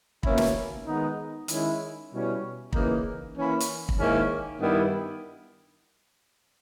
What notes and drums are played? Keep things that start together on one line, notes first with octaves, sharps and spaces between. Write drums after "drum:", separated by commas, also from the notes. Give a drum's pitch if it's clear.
B2 A#3 C#4 E4, drum: kick
drum: snare
D#3 G#3 B3 D#4
D#3 G#3 C#4 E4, drum: hi-hat
B2 G3 C#4 E4
C#3 E3 A#3 D#4, drum: kick
E3 A#3 C#4 E4
drum: hi-hat
drum: kick
G#2 D#3 A#3 C#4 E4
G2 D#3 G3 B3 E4